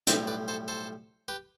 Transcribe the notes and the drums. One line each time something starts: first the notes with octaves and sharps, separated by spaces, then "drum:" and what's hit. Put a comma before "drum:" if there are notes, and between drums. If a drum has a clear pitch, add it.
B1 A2 G3 C5 E5, drum: hi-hat
B4 D5
A4 C5
A4 C5
G4 B4